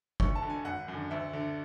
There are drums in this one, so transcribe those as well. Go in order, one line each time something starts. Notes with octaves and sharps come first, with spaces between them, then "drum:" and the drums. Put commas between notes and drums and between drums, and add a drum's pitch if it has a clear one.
D2 C#6, drum: kick G1
A5
D3
G#5
G#1 F#5
F#2
D3
D2 E5
D3